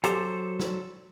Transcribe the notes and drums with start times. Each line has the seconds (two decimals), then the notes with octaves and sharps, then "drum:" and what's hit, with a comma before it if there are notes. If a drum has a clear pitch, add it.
0.04 F#3 G4 A4 C5 A#5, drum: hi-hat
0.59 drum: snare